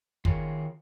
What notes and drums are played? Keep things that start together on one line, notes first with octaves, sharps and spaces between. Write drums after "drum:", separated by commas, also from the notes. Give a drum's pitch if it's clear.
D#3 F4 G#4 A#4 C#5, drum: kick